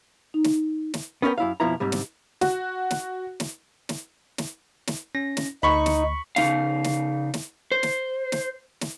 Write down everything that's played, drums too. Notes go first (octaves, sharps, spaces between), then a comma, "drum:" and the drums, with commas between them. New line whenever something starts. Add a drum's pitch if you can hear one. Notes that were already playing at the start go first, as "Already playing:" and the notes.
D#4
drum: snare
drum: snare
B3 C#4 D#4 A#4 G5
F#2 E4 F5
F2 B2 F3 E4 A#5
G#2 C3 G3
drum: snare
F#4, drum: snare
drum: snare
drum: snare
drum: snare
drum: snare
drum: snare
C#4 A#6
drum: snare
D2 D#4 B5 C#6
drum: snare
C#3 D#4 F5, drum: snare
drum: snare
drum: snare
C5
drum: snare
drum: snare
drum: snare